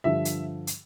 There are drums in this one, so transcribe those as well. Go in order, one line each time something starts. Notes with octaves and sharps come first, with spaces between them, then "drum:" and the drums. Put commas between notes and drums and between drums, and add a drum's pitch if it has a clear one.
G2 D3 F3 E5
drum: hi-hat
drum: hi-hat